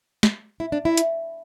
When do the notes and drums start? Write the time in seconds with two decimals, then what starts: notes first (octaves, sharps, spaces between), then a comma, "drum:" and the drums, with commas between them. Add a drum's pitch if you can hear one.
0.23 drum: snare
0.60 E4
0.72 D4
0.85 E4
0.97 drum: hi-hat